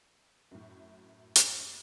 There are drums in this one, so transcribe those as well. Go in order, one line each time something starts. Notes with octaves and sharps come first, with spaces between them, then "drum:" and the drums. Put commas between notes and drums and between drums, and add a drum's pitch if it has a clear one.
F#2 A2
drum: hi-hat